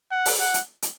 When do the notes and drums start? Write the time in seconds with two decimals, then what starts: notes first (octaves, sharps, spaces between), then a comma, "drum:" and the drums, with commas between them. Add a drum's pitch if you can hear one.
0.11 F#5
0.26 drum: open hi-hat
0.40 F#5
0.54 drum: hi-hat
0.82 drum: hi-hat